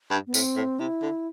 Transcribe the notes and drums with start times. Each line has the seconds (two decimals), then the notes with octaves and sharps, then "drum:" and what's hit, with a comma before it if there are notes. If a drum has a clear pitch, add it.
0.11 G2
0.27 B3
0.34 A2 C4, drum: tambourine
0.56 A2
0.80 C3 E4
1.02 D3